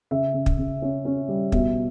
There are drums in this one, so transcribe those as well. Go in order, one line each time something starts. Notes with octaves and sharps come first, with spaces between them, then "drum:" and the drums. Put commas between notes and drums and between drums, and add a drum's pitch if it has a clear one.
C#3 E5
C#3
drum: kick
C#3
C#4
C#4
G3
B2 E5, drum: kick